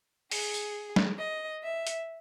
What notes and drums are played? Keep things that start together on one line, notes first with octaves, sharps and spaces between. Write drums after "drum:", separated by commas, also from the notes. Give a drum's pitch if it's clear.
G#4, drum: open hi-hat
drum: tambourine
drum: snare
D#5
E5
drum: hi-hat